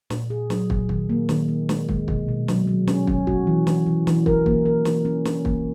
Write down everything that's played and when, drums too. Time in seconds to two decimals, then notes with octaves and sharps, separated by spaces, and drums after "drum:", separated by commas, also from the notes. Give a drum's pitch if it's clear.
0.10 A#2, drum: snare
0.30 G#4
0.50 F#3, drum: snare
0.70 A#2, drum: kick
0.89 D#3, drum: kick
1.09 A#3
1.29 D#3, drum: snare
1.48 A#3
1.69 G#3, drum: snare
1.89 G#3, drum: kick
2.08 B2, drum: kick
2.28 B2
2.48 F#3, drum: snare
2.67 F#3
2.87 C#4, drum: snare
3.07 C#4, drum: kick
3.27 F#4, drum: kick
3.47 E3
3.67 E3, drum: snare
3.86 E3
4.07 E3, drum: snare
4.26 A#4, drum: kick
4.46 A#3, drum: kick
4.66 A#4
4.85 E3, drum: snare
5.05 C#4
5.25 C#4, drum: snare
5.45 A#3, drum: kick